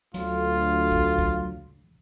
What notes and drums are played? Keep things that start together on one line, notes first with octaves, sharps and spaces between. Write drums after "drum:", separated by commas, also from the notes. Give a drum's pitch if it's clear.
D2 F#3 F4, drum: hi-hat
drum: kick B1
drum: kick B1